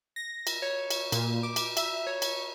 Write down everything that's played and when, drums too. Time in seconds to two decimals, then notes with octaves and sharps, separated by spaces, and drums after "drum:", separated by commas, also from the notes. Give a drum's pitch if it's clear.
0.16 A#6
0.47 drum: cymbal
0.62 C#5
0.90 drum: cymbal
1.12 A#2, drum: cymbal
1.43 D6
1.56 drum: cymbal
1.77 E5, drum: cymbal
2.07 C#5
2.22 drum: cymbal